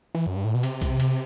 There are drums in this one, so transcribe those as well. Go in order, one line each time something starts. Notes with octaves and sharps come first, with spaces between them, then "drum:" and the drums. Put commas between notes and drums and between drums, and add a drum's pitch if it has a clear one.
E3
F#2
G2
A2
B2
C3, drum: cymbal
drum: kick, cymbal
drum: cymbal